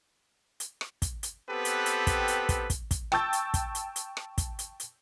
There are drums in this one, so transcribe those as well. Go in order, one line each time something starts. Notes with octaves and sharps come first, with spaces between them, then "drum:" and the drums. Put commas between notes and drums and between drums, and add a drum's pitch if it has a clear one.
drum: hi-hat
drum: rim click
drum: kick, hi-hat
drum: hi-hat
B3 C4 G4 A4 B4
drum: hi-hat
drum: hi-hat
drum: kick, hi-hat
drum: hi-hat
drum: kick, hi-hat
drum: kick, hi-hat
drum: kick, hi-hat
G5 A5 C#6 E6 G6 A6, drum: rim click
drum: hi-hat
drum: kick, hi-hat
drum: hi-hat
drum: hi-hat
drum: rim click
drum: kick, hi-hat
drum: hi-hat
drum: hi-hat